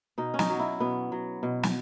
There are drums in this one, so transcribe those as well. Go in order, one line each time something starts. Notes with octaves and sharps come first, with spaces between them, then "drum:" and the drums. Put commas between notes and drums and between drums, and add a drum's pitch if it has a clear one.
B2 D#4
C#4
D#4, drum: snare
F#3
E4
B2 B3
F#3
B2
drum: snare